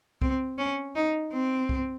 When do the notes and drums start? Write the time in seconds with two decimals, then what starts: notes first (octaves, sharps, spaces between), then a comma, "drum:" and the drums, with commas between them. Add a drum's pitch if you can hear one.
0.22 C4, drum: kick C2
0.58 C#4
0.95 D#4
1.33 C4
1.69 drum: kick C2